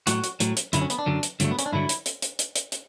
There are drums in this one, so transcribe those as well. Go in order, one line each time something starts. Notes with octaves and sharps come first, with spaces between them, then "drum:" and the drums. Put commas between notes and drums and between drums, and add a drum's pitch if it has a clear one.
A2 F#3 F#4, drum: hi-hat
drum: hi-hat
A2 F#3, drum: hi-hat
drum: hi-hat
F#2 D3 F#3 E4, drum: hi-hat
C#4
B3, drum: hi-hat
D4
F#2 D3 F#3
drum: hi-hat
G2 D3 F#3 A3, drum: hi-hat
B3
C#4, drum: hi-hat
D4
G2 D3 F#3 E4
drum: hi-hat
drum: hi-hat
drum: hi-hat
drum: hi-hat
drum: hi-hat
drum: hi-hat